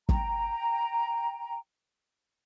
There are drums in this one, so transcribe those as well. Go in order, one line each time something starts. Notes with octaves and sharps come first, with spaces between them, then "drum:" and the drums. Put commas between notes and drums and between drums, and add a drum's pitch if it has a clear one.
G5 A#5, drum: kick